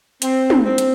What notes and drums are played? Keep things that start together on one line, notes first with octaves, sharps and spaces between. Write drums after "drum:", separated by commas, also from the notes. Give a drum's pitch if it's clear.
C4, drum: hi-hat
drum: tom
C4
drum: hi-hat